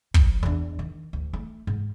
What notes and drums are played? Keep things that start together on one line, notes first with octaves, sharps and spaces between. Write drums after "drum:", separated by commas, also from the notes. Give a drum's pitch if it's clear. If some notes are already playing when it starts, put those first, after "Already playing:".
F3, drum: kick
E2 D4
D#3
D2
A3
G#2